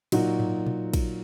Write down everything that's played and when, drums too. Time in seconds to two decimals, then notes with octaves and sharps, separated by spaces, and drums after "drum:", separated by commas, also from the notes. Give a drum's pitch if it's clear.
0.12 A#2 F#3 D#4 F#4, drum: cymbal
0.40 drum: tom G#2
0.67 drum: tom A#2
0.94 drum: kick, cymbal